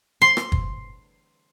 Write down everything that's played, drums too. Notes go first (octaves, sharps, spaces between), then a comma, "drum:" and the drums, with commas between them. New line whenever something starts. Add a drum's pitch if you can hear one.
C6
drum: rim click
drum: kick